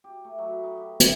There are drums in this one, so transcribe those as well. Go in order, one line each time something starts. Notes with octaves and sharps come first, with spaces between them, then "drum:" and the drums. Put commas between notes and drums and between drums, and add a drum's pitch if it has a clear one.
G4
A3
F#3
B4
D#4
G4
E4, drum: hi-hat